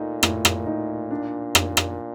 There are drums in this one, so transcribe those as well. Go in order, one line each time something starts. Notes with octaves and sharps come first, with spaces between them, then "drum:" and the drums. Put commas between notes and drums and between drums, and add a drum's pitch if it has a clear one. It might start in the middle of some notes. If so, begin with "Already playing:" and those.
Already playing: A#2 A3 D#4
A2, drum: rim click
drum: rim click
D#4
D4
drum: rim click
drum: rim click